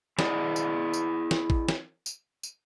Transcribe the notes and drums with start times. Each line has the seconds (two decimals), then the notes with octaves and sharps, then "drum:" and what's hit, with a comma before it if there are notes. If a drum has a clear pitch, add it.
0.19 E4 G#4 D5 D#5, drum: snare
0.56 drum: tambourine
0.94 drum: tambourine
1.31 drum: snare
1.50 drum: kick
1.68 drum: snare
2.06 drum: tambourine
2.43 drum: tambourine